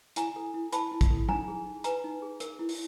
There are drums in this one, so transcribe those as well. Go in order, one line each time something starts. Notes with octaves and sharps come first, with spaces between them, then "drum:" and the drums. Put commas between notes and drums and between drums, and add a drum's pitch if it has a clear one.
E4 G#5 A#5, drum: hi-hat
A4
E4
C5 A5 B5, drum: hi-hat
E4
drum: kick, hi-hat
A4
D#4 G#5 A#5, drum: tom F#3
G#4
D#4
B4 G#5 A#5, drum: hi-hat
D#4
G#4
A#4, drum: hi-hat
E4
drum: open hi-hat